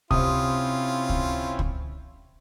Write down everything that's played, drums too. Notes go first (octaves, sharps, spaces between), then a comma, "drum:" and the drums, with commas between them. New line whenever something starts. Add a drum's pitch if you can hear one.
C3 C4 C#4 E4 F4 D#6, drum: kick
drum: kick
drum: kick